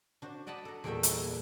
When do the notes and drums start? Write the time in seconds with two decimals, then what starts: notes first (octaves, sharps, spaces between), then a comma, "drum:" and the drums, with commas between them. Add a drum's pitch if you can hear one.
0.22 D4 F#4 C5
0.47 D5 D#5 F#5 A5 B5
0.65 A4 A#5
0.84 E2 A#2 G3 A3 E5 G5
1.03 drum: hi-hat
1.23 E4